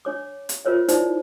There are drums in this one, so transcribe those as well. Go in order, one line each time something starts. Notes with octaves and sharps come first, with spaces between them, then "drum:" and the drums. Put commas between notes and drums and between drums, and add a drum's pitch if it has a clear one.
D4 C#5 D6
drum: hi-hat
F4 A#4 C5 C#5 E5
D#4 E4 C5 D5, drum: hi-hat